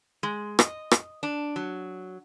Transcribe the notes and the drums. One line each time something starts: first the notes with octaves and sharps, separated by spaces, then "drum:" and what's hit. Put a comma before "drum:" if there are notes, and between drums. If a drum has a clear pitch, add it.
G#3
D#5, drum: rim click
drum: rim click
D4
F#3